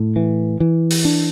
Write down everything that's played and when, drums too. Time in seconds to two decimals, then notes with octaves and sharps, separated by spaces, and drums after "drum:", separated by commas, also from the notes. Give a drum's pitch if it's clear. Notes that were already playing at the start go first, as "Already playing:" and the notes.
Already playing: A2
0.16 E3
0.60 E3
0.90 drum: open hi-hat
1.05 D4